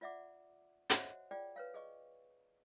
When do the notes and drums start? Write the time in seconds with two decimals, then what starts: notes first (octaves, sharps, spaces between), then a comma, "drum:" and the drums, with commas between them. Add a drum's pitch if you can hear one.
0.01 F4 D5 E5 F#5 D6
0.90 F#4 C5 C#5 D#5 E5 F#5, drum: hi-hat
1.31 F4 G#4 D5 G5
1.56 B4 C#5 F5
1.74 G#4 D#5 C#6